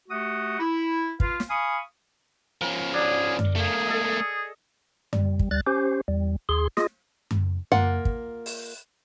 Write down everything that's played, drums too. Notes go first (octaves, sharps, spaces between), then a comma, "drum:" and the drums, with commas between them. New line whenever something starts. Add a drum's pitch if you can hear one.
A3 F#4 G4 F#5 D#6
E4
F4 B4 F5, drum: kick
drum: snare
F5 G#5 B5 C#6 D#6
F3 C#4 A#4
D4 G#4
drum: tom F#2
A3 A#3 G#4
A4 D#5
G3, drum: tom F#2
drum: kick
D2 G3 F#6 A6
C#4 G4 C5
E2 G3
D#2 G#4 C6
F4 G#4 D#5, drum: snare
drum: tom F#2
A#3 F4 F#5, drum: tom F#2
drum: kick
drum: open hi-hat